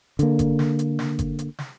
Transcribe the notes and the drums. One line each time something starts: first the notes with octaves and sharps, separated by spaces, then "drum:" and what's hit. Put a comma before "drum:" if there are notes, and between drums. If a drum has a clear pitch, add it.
D3 A#3, drum: hi-hat
drum: kick G1, hi-hat
drum: snare
drum: hi-hat
drum: snare
drum: kick G1, hi-hat
drum: hi-hat
drum: snare